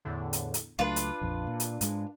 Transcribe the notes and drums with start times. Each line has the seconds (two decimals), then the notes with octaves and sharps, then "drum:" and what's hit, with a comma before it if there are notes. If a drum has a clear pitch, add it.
0.05 E2 A2 D3
0.33 drum: hi-hat
0.54 drum: hi-hat
0.79 C#2 F#3 A3 D4 F4 B4
0.96 drum: hi-hat
1.21 A#1 F2
1.47 A#2
1.60 drum: hi-hat
1.81 G#2 G#3, drum: hi-hat